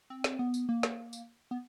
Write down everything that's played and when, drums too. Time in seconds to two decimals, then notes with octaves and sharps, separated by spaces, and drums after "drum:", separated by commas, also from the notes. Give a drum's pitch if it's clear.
0.10 C4
0.24 drum: snare
0.39 B3
0.54 drum: tambourine
0.69 A#3
0.83 drum: snare
1.13 drum: tambourine
1.51 B3